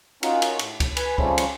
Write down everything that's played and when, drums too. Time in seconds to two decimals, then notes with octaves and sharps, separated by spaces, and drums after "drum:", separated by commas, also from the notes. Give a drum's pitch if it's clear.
0.23 C#4 D#4 F4 F#4 A#4, drum: cymbal
0.42 drum: cymbal
0.59 A2, drum: cymbal
0.80 drum: kick C#2, cymbal
0.97 B4 G#5 B5, drum: cymbal
1.18 C#3 F3 G3 A3 C4 C#4, drum: kick C#2
1.38 drum: cymbal